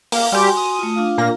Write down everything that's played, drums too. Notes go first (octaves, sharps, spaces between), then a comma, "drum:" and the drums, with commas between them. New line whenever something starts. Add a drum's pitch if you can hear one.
A#3 F5, drum: open hi-hat
G3 F#4 G4 G#5 C6
D#6
A3 F4
D4 F4 F5
A#2 A#3 A#6